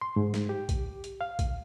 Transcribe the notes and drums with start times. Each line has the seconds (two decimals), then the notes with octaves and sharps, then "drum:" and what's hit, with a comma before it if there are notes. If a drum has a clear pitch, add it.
0.01 C6
0.16 G#2
0.34 drum: snare
0.49 G4
0.69 drum: kick, hi-hat
1.04 drum: hi-hat
1.21 F5
1.39 drum: kick, hi-hat